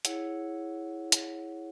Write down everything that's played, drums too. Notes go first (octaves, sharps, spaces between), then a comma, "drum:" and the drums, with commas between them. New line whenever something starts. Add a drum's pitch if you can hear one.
E4 G#4 C#5 F#5, drum: hi-hat
drum: hi-hat